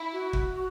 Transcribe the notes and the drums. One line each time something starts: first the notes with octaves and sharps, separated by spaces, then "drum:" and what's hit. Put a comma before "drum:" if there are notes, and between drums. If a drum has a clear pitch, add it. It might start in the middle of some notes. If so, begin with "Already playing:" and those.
Already playing: E4
F#4
drum: kick